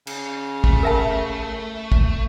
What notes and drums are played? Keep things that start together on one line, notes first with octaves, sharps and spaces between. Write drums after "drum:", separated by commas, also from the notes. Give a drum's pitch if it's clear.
C#3, drum: cymbal
A3, drum: kick
A#4 E5 A5
drum: kick